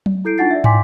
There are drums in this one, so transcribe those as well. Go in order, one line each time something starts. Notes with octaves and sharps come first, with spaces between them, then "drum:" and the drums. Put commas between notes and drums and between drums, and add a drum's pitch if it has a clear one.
drum: tom F#3
E4 A4 G6 C7 D7
D4 D#4 F4 F#5 A6 C7
D5 E5
G5 G#5 C6 D6 B6, drum: tom